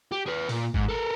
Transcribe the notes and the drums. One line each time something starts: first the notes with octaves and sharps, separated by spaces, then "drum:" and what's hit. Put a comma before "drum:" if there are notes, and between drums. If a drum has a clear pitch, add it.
G4
G#4 B4
A#2, drum: open hi-hat
G#2, drum: kick
A4 A#4